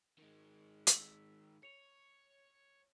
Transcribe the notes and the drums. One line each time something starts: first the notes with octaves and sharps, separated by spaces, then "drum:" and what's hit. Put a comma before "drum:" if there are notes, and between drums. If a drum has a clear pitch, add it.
D#3 G#3
E6 B6, drum: hi-hat
C#5 C#7 F7